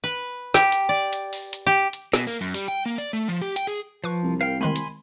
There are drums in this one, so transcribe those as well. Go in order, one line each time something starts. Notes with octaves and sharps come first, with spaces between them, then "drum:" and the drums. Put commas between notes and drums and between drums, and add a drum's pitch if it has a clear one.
B4
G4, drum: snare
drum: hi-hat
D5
drum: hi-hat
drum: open hi-hat
drum: hi-hat
G4
drum: hi-hat
B2, drum: snare
A#3
F#2
G3, drum: hi-hat
G5
A#3
D5
A3
F3
G4
G5, drum: hi-hat
G#4
F3 B4 C#6
C2
A#4 F5 G5
D#3 G#3 A3 G#5 B5 C6
drum: hi-hat